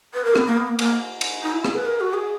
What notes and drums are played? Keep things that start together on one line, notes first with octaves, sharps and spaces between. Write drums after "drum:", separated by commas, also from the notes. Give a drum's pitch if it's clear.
B4
A#4
B3, drum: rim click
A#3
B3
A#3
A#3, drum: cymbal
drum: cymbal
D#4
E4
G#4, drum: rim click
B4
A#4
F#4
G#4